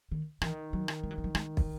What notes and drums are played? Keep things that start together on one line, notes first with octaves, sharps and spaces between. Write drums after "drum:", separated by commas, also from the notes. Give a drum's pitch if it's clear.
D#3
D#3 E3, drum: rim click
F#3
drum: rim click
G#3
F#3
E3
F#3
G#3, drum: rim click
drum: kick